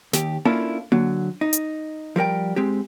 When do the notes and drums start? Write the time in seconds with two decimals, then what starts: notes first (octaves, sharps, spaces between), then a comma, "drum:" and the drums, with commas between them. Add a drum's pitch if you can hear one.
0.13 D#2 G4, drum: snare
0.45 A#3 C#4 D4 E4 F4 A4, drum: tom A#3
0.92 D3 F#3, drum: tom A#3
1.41 D#4
1.53 drum: hi-hat
2.16 F3 G3 A#4 G5
2.56 G#3 C4 G4